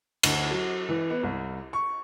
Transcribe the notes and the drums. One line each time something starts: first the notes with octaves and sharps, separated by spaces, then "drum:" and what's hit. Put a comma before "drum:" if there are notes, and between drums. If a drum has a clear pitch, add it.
D2, drum: cymbal
F#3
E3
B3
C2
C#6